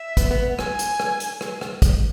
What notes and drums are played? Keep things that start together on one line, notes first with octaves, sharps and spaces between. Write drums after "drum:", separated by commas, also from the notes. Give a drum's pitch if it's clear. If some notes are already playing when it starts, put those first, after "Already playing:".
Already playing: E5
B3, drum: kick, hi-hat
B3
G#5, drum: rim click
drum: hi-hat
drum: rim click
drum: hi-hat
drum: rim click
drum: rim click
drum: kick, hi-hat